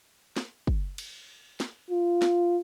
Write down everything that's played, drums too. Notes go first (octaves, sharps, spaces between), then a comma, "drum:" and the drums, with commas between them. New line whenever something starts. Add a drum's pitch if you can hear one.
drum: snare
drum: kick
drum: cymbal
drum: snare
F4
drum: snare